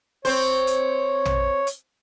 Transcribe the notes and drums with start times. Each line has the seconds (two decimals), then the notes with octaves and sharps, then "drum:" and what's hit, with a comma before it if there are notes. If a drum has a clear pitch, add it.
0.25 C4 C5 C#5, drum: open hi-hat
0.67 drum: hi-hat
1.25 drum: tom
1.67 drum: hi-hat